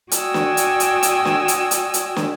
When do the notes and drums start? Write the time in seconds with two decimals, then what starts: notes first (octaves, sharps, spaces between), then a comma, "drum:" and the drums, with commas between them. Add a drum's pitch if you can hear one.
0.12 F#4 D5 G5 G#5 D#6 E6, drum: hi-hat
0.34 drum: snare
0.57 drum: hi-hat
0.80 drum: hi-hat
1.03 drum: hi-hat
1.25 drum: snare
1.48 drum: hi-hat
1.71 drum: hi-hat
1.94 drum: hi-hat
2.16 drum: snare